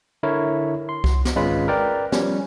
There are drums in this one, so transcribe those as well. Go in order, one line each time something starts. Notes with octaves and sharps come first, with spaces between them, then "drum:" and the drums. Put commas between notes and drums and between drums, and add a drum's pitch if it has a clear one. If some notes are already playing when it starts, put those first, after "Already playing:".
D3 E4 A#4 C#5
C6
drum: kick C2
drum: snare
G#1 G#3 C#4 F4 B4 B5
A#4 B4 D5 G5
F3 G3 C#4, drum: snare